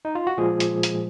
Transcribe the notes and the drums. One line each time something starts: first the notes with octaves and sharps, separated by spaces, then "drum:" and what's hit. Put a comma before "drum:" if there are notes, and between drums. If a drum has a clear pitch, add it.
D#4
F4
F#4
A#2 F3 G#3 G#4
drum: hi-hat
drum: hi-hat